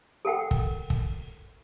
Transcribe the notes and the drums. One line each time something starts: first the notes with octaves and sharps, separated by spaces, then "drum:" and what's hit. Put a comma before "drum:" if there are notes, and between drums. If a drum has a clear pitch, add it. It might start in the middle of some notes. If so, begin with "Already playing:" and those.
A4 A#4 F#5 G5
drum: kick
drum: kick